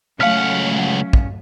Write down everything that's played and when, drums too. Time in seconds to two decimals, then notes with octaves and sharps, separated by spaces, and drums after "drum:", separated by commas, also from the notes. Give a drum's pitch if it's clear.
0.20 C#2 F#3 A3 C#4 F5 F#5 F6 B6
1.13 drum: kick